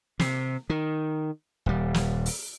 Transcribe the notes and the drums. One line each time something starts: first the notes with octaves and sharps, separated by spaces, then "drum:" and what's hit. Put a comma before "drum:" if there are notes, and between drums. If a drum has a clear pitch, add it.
C3, drum: snare
D#3
D#1 G3
drum: snare
drum: open hi-hat